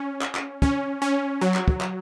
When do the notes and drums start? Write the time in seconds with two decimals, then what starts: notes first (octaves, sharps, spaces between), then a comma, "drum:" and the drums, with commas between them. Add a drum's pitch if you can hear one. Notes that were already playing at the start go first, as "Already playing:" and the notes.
Already playing: C#4
0.22 drum: clap
0.35 drum: clap
0.62 C#4, drum: kick
1.02 C#4
1.41 F#3
1.54 drum: clap
1.68 drum: kick
1.81 drum: clap